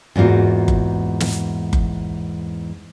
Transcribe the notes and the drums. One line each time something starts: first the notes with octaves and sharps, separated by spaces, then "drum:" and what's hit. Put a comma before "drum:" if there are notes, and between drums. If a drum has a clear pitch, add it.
E2 G#2 A#3 F4 F#4
drum: kick F#1
drum: snare
drum: kick F#1